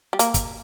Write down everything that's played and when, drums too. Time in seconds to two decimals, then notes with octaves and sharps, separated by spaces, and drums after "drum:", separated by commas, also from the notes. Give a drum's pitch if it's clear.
0.13 G3
0.19 A#3, drum: hi-hat
0.34 drum: kick, hi-hat